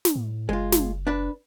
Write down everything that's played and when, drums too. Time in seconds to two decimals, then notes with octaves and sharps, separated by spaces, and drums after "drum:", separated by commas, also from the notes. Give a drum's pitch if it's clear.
0.05 drum: snare
0.15 A2
0.49 F#1 G#3 F4
0.72 drum: snare
1.07 D4 B4